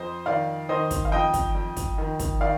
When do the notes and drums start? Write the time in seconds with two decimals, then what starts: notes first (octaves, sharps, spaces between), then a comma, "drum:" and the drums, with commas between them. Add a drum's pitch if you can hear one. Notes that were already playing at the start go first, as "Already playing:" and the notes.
Already playing: F2 C5 D#5
0.26 D#3 D5 F5
0.69 D#3 C5 D#5
0.91 drum: kick, hi-hat
1.05 F5
1.12 F2 D#5 G5
1.34 drum: kick, hi-hat
1.55 F2
1.77 drum: kick, hi-hat
1.98 D#3
2.20 drum: kick, hi-hat
2.41 D#3 D5 F5